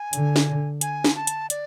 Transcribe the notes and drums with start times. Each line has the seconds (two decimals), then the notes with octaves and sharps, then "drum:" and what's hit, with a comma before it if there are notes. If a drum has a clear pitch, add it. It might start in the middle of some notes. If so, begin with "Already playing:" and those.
Already playing: G#5
0.13 D3, drum: hi-hat
0.36 drum: snare
0.81 G#5, drum: hi-hat
1.04 drum: snare
1.16 A5
1.27 drum: hi-hat
1.50 D5, drum: hi-hat